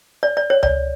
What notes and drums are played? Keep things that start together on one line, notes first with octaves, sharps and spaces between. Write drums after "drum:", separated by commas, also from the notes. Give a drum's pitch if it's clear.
D5
D5
C#5
D5, drum: tom C#2